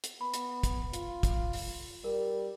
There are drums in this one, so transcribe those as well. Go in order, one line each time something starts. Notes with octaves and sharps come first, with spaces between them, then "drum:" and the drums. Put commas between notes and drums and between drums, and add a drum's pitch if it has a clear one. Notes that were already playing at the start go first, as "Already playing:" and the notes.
drum: hi-hat
B3 B5
drum: hi-hat
drum: kick, hi-hat
F4, drum: hi-hat
drum: kick, hi-hat
drum: open hi-hat
G3 A#4